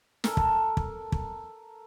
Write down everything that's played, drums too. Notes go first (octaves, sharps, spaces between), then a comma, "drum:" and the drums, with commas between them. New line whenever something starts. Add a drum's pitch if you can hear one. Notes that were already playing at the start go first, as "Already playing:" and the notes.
A4 A#4, drum: snare
drum: kick
drum: kick
drum: kick